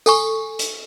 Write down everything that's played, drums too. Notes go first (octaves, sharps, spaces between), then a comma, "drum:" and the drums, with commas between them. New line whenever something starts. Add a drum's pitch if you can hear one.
A4 G#5 C#6, drum: tambourine
drum: hi-hat